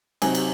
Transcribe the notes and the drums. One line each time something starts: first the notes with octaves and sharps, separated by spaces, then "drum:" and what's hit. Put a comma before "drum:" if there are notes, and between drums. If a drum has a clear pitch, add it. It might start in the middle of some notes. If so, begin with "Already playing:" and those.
C3 F#3 C4 D#4 G#5, drum: cymbal
drum: cymbal